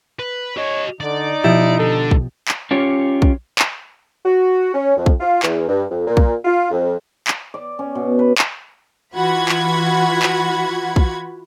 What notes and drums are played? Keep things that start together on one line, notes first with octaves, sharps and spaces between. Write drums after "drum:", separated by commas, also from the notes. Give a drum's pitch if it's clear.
B4
G4 C#5 D#5
D3 D#4 D5
B2 F3 E4 G4
D3 A4
drum: kick
drum: clap
C#4 F4 G4 C#5
drum: kick
drum: clap
F#4
C#4
F2
drum: kick
F4
E2, drum: clap
G2
F2
A#2
drum: kick
F4
F2
drum: clap
D5
C#4
B2
B4
drum: clap
E3 F4 F#4 F#5 B5 G#6
drum: clap
drum: clap
drum: kick